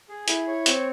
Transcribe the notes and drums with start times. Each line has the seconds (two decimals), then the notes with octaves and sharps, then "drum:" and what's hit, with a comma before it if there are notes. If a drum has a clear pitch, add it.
0.09 G#4
0.28 E4, drum: hi-hat
0.47 C#5
0.66 C4, drum: hi-hat